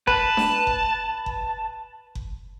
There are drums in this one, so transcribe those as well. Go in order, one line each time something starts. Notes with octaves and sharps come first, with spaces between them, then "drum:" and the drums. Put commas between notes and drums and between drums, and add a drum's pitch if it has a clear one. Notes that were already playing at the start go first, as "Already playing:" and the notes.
B4 A5, drum: kick F#1
drum: snare D4
drum: kick F#1
drum: kick F#1
drum: kick F#1